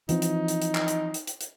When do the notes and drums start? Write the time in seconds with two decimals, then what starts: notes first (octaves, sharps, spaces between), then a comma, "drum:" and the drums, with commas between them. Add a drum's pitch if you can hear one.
0.09 E3 F3 C4 D#4, drum: hi-hat
0.22 drum: hi-hat
0.48 drum: hi-hat
0.62 drum: hi-hat
0.75 drum: clap
0.88 drum: hi-hat
1.14 drum: hi-hat
1.27 drum: hi-hat
1.41 drum: hi-hat